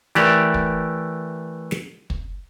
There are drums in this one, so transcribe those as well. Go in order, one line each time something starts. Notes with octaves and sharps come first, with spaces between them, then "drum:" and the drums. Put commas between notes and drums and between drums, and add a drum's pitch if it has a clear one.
E3 A3 G4 A#4 D5 E5, drum: snare
drum: kick
drum: snare
drum: kick